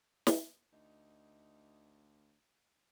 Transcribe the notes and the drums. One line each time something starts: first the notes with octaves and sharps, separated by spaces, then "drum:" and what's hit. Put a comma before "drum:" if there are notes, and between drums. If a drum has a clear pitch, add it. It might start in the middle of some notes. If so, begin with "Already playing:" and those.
drum: snare
D2 D#4